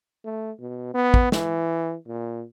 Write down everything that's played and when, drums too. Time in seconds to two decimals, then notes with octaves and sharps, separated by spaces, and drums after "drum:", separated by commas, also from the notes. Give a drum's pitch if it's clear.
0.25 A3
0.60 B2
0.94 B3
1.14 drum: kick
1.32 E3, drum: snare
2.07 A#2